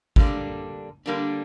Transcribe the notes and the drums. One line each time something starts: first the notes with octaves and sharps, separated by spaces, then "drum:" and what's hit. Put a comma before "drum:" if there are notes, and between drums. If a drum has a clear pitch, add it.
D3 G3 A#3 D4, drum: kick
D3 G3 A#3 D4